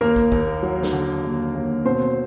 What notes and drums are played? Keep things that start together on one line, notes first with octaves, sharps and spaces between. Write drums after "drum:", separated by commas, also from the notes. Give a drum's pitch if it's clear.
D#2 A#3 A#4
drum: kick
D#2, drum: kick
F#3
drum: snare
D3
D#2
D#2
B2 C4 C5